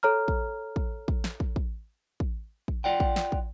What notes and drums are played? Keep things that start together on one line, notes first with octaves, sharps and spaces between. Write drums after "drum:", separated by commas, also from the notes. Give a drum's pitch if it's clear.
A4 C#5 A#5 F6
drum: kick
drum: kick
drum: kick
drum: snare
drum: kick
drum: kick
drum: kick
drum: kick
F4 D5 F#5 G5
drum: kick
drum: snare
drum: kick